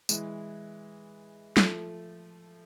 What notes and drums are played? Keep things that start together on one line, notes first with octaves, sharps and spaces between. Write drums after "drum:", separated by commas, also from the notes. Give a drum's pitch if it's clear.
E3 G#3, drum: tambourine
F3 A3, drum: snare